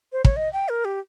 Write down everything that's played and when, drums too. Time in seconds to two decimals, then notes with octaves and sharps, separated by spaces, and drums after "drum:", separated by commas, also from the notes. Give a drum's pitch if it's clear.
0.13 C5
0.25 C#5, drum: kick
0.36 D#5
0.53 G5
0.69 A#4
0.85 G4